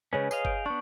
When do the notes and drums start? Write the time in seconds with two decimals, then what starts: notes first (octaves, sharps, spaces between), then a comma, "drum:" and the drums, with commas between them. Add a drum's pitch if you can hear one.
0.13 C#3 G#3 C#4 B4 C#5
0.31 G#4 D#5 F5, drum: tambourine
0.45 G6 D7, drum: kick G1
0.66 B3 D4 C#6